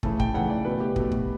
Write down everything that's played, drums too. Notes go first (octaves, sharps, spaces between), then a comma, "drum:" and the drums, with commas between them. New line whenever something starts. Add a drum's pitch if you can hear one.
C#3 E3 A3 A5, drum: kick
G5, drum: kick
C#3 E3 A3 F#5
D5
B2 A3 B4
G4
B2 A3, drum: kick
drum: kick